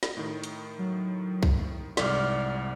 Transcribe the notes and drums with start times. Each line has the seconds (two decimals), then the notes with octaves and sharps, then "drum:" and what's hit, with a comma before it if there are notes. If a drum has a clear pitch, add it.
0.03 drum: snare
0.17 A2 D#3
0.43 drum: hi-hat
0.79 F#3
1.43 drum: kick C2
1.97 C2 G#2 D5 F6, drum: snare